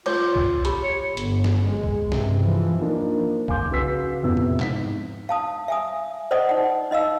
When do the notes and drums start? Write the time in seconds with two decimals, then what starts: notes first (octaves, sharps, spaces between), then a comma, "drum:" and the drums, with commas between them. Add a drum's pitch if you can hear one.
0.06 F4 C#5 C#6 D6, drum: cymbal
0.36 drum: kick B1
0.65 G4 B5 C#6, drum: hi-hat
0.83 C#5
1.17 G1, drum: hi-hat
1.44 drum: snare
1.65 G#3
1.83 drum: kick B1
2.12 G2 C3, drum: snare
2.43 E3 F3
2.81 F3 A#3 D4 D#4
3.48 F5 G#5 C6 D6 G6, drum: kick B1
3.71 C#3 F#4 B4 E6 B6 C7
4.23 F2 C3 B3 E4 E6
4.37 drum: tom A2
4.60 G#2 B6, drum: clap
5.29 F5 A5 D#6
5.68 E5 G#5 D#6
6.31 C5 D5 D#5 F#5 D#6
6.49 D#4 F#5
6.91 D#4 D#5 F5 E6